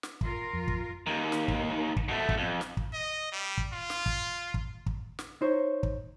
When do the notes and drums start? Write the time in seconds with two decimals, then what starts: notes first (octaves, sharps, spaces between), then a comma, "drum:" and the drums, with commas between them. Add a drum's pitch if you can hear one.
0.03 drum: snare
0.21 F4 A#4, drum: kick
0.53 F2
0.68 drum: kick
1.07 D#2 D#3
1.32 drum: snare
1.48 drum: kick
1.96 drum: kick
2.08 B2 A3
2.29 drum: kick
2.38 F2
2.61 drum: snare
2.77 drum: kick
2.93 D#5
3.32 G3
3.58 drum: kick
3.73 F4
3.90 drum: snare
4.06 drum: kick
4.54 drum: kick
4.86 drum: kick
5.19 drum: snare
5.41 D#4 C5 C#5
5.83 drum: kick